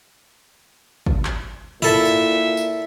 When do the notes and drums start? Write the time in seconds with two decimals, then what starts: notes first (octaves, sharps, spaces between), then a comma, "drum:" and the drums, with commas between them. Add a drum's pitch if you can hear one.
1.06 drum: kick
1.25 drum: clap
1.82 A#2 E4 A4 E5, drum: tom G2
2.05 drum: tambourine
2.57 drum: tambourine